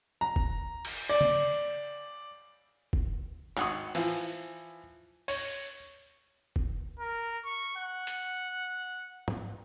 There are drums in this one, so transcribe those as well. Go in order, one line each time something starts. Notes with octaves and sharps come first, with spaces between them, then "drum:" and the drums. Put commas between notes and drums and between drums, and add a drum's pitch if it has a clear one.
A#5
drum: kick
drum: cymbal
D5
drum: tom
drum: kick
G#1 F#5 C#6 D#6, drum: clap
E3 F3, drum: open hi-hat
C#5, drum: open hi-hat
drum: kick
A#4
C#6
F#5
drum: hi-hat
drum: tom